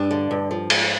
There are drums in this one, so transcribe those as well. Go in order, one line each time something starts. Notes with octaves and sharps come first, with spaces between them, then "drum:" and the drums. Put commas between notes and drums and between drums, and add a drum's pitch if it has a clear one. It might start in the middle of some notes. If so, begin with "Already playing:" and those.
Already playing: G2 D4
D3
G2
F3
G#2, drum: cymbal